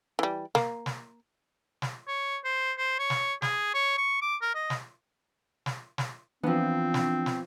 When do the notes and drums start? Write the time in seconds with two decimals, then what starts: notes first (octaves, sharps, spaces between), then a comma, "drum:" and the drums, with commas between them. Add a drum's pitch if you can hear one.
0.19 E3 G3
0.55 A#3, drum: snare
0.86 drum: snare
1.82 drum: snare
2.07 C#5
2.45 C5
2.78 C5
2.99 C#5
3.10 drum: snare
3.42 G#4, drum: snare
3.74 C#5
3.98 C#6
4.22 D6
4.42 A#4
4.55 D#5
4.70 drum: snare
5.66 drum: snare
5.98 drum: snare
6.43 E3 F3 B3 C4 D4
6.94 drum: snare
7.26 drum: snare